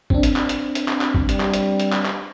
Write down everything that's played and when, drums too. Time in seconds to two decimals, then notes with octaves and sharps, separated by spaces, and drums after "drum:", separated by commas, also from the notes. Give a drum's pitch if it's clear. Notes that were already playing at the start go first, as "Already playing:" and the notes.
0.10 C4 D4, drum: kick
0.23 drum: hi-hat
0.36 drum: clap
0.49 drum: hi-hat
0.75 drum: hi-hat
0.88 drum: clap
1.01 drum: clap
1.14 drum: kick
1.29 G3, drum: hi-hat
1.40 drum: clap
1.54 drum: hi-hat
1.80 drum: hi-hat
1.93 drum: clap
2.06 drum: clap